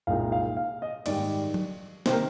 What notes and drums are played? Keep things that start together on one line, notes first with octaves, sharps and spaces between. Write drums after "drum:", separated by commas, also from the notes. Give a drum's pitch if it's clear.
C2 A#2 G#3 D#4 F5
F5
F5
D#5
G#2 D#3 G3 D5, drum: cymbal
drum: tom F#3
C3 D#3 C5, drum: snare
A#4